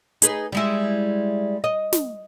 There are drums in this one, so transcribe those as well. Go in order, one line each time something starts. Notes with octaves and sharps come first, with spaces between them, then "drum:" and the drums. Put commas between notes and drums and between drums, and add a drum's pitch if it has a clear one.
D#4 G#4 B4, drum: hi-hat
G3 G#3 E4
D#5
drum: snare